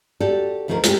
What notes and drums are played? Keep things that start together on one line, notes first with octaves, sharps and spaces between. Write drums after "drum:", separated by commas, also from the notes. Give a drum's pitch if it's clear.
F#4 G4 A4 D5
D2 D#3 F3 C#4 G#4 A#4
G#3 A3 C#4 G4, drum: hi-hat